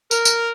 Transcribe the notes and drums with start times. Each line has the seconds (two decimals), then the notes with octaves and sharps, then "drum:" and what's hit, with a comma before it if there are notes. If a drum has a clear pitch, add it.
0.11 A#4, drum: tambourine
0.25 drum: tambourine